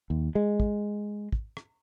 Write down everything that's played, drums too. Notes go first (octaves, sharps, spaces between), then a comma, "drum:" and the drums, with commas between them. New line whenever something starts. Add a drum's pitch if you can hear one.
D#2
G#3
drum: kick
drum: kick
drum: rim click